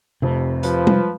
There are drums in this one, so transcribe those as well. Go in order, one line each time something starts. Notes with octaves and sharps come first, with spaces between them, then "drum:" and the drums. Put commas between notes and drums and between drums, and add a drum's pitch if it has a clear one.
F1 F2 C3
F3 B4, drum: hi-hat
drum: tom G3